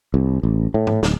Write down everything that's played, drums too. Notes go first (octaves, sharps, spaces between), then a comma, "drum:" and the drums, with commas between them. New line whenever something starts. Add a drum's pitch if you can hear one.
C2
A1
A2
drum: tom G#2
D1, drum: snare